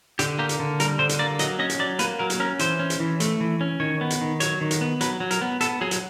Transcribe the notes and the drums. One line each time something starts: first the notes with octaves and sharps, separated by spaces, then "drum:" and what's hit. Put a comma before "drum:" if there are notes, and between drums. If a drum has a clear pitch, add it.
D3 G4, drum: hi-hat
A#3 G4
drum: hi-hat
D3
G3 A#4, drum: hi-hat
D3 C5
drum: hi-hat
A#3 D5
F#3 D#5, drum: hi-hat
C#4 D#5
drum: hi-hat
F#3 D5
A#3 B4, drum: hi-hat
F#3 A#4
drum: hi-hat
C#4 A#4
E3 C5, drum: hi-hat
C#4
drum: hi-hat
E3
A3, drum: hi-hat
E3
C#4
D#3 C#5
B3
drum: hi-hat
D#3
F#3 C#5, drum: hi-hat
D#3
drum: hi-hat
B3
F#3 B4, drum: hi-hat
F#3
A#4, drum: hi-hat
B3
B3 A4, drum: hi-hat
F#3 G#4
drum: hi-hat